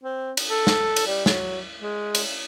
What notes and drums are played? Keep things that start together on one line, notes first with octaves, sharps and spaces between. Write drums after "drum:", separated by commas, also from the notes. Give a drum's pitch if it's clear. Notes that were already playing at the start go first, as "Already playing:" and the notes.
C4
drum: cymbal
A4
drum: snare
drum: cymbal
G3
F#3, drum: snare
G#3
drum: cymbal